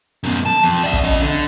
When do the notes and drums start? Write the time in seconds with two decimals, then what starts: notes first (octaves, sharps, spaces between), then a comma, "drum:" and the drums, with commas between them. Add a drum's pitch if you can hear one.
0.23 F#2 B2
0.46 A5
0.63 F2
0.84 D5 E5
0.93 drum: kick
1.04 C#4 D#5
1.22 D3